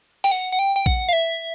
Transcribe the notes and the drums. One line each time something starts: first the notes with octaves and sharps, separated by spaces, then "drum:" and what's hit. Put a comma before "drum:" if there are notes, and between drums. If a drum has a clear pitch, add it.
G5, drum: open hi-hat
F#5
F#5
G5
G5
F#5, drum: kick
F5
E5